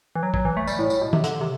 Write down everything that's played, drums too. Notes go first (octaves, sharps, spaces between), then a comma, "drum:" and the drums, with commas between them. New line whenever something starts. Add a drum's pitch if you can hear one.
E3
F#3
F#3, drum: kick
E3
A3
G3, drum: tambourine
A2
A2, drum: tambourine
B2
C3, drum: tom
D3, drum: hi-hat
C3